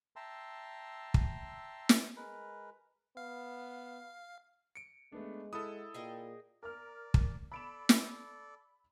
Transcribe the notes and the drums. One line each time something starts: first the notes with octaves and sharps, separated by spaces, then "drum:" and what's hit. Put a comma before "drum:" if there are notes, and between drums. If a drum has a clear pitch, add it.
E5 G5 A5 A#5 C6 E6
drum: kick
drum: snare
G#3 A#4 B4
B3 F5
C#7 D7
G#3 A3 B3 D4
B3 E4 A4 D#6
A#2 G#4 D#5 G5
A#4 D5 F6
drum: kick
A4 D5 B5 D7 E7
drum: snare